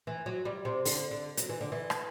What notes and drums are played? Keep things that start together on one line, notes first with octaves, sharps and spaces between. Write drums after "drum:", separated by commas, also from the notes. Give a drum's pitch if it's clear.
E3
F#3
G3
C3
D3, drum: open hi-hat
D3
F#3, drum: hi-hat
E3
D3
E3
drum: rim click